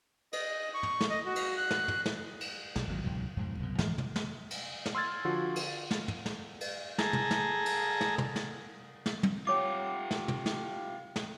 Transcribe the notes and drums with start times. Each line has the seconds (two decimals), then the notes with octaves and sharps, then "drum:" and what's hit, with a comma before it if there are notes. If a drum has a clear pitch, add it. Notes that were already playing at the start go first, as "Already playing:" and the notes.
0.33 D#5, drum: cymbal
0.74 C#6
0.83 drum: tom
1.01 drum: snare
1.10 D#5
1.26 F#4
1.36 drum: cymbal
1.57 F#6
1.71 drum: snare
1.88 drum: tom
2.06 drum: snare
2.41 drum: cymbal
2.76 B1, drum: snare
2.88 G#1 F2 D3 F#3
3.04 C#2 G#2 B2 F#3
3.37 F2 G#2 B2
3.58 C2 F#2 B2
3.78 G#2 E3 F3 G#3, drum: snare
3.98 drum: tom
4.16 drum: snare
4.51 drum: cymbal
4.86 drum: snare
4.95 C6 E6 F6 G#6 A6
5.25 D3 F3 F4 F#4
5.56 drum: cymbal
5.91 drum: snare
6.08 drum: tom
6.26 drum: snare
6.61 drum: cymbal
6.98 G#4 A4 A#5, drum: snare
7.13 drum: tom
7.31 drum: snare
7.66 drum: cymbal
8.01 drum: snare
8.18 drum: tom
8.36 drum: snare
9.06 drum: snare
9.23 drum: tom
9.47 F4 G4 C#5 D6
10.11 drum: snare
10.28 drum: tom
10.46 drum: snare
11.16 drum: snare